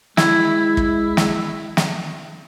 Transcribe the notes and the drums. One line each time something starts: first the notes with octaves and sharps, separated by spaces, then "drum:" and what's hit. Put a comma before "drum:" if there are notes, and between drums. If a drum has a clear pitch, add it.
G#3 E4, drum: snare
drum: kick
drum: snare
drum: snare